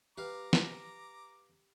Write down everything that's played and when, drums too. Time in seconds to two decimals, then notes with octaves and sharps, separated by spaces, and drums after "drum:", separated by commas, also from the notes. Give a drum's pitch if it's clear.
0.18 G4 B4 F5 A#5 D6
0.53 drum: snare